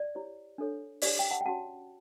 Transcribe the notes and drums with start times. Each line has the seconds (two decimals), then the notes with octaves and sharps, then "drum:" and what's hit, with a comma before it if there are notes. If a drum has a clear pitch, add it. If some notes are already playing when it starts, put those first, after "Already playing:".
Already playing: D5
0.15 E4 G4 C#5
0.58 D4 A4 C#5
1.02 D4 G4 C#5 D5, drum: open hi-hat
1.19 G5
1.31 F#5 A5
1.41 G5
1.45 C#4 F#4 C#5 F#5 A5